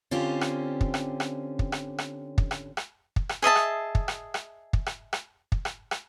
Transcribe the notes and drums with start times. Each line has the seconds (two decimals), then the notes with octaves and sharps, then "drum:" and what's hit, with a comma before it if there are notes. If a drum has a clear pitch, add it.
0.11 D3 C4 C#4 F4 G4
0.41 drum: rim click
0.81 drum: kick
0.94 drum: rim click
1.20 drum: rim click
1.59 drum: kick
1.72 drum: rim click
1.98 drum: rim click
2.38 drum: kick
2.51 drum: rim click
2.77 drum: rim click
3.16 drum: kick
3.29 drum: rim click
3.42 G#4 D#5 E5 A5
3.56 drum: rim click
3.95 drum: kick
4.08 drum: rim click
4.34 drum: rim click
4.73 drum: kick
4.86 drum: rim click
5.13 drum: rim click
5.52 drum: kick
5.65 drum: rim click
5.91 drum: rim click